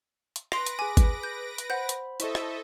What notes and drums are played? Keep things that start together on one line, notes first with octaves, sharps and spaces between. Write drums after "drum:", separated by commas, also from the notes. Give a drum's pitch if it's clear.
drum: hi-hat
B4 C6 A#6 C7 D7 F7, drum: rim click
drum: hi-hat
G#4 G#5 D6
drum: kick G#1, hi-hat
G6
drum: hi-hat
C5 F#5 B5 G6
drum: hi-hat
E4 A4 C5 D#5 E5 C#6, drum: hi-hat
drum: rim click